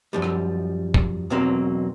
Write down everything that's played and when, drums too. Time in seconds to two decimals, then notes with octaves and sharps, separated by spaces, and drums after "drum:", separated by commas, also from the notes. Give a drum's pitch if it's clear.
0.13 F#2 F3 G3
0.22 drum: rim click
0.94 drum: kick
1.30 B1 E2 F#3 A#3 C4